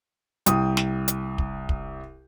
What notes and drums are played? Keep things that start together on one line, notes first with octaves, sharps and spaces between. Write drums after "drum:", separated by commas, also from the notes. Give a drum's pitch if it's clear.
C2 G5 D#6, drum: hi-hat
drum: snare
drum: hi-hat
drum: kick
drum: kick